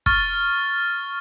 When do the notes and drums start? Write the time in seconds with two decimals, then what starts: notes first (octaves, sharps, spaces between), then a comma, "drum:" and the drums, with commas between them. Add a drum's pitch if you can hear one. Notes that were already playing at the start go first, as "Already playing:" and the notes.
0.06 C#6 F6 A6, drum: kick